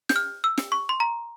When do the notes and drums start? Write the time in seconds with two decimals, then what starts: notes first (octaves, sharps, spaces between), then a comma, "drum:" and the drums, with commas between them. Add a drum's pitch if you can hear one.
0.09 G6, drum: snare
0.16 F6
0.44 E6
0.58 drum: snare
0.72 C#6
0.89 C6
1.00 A#5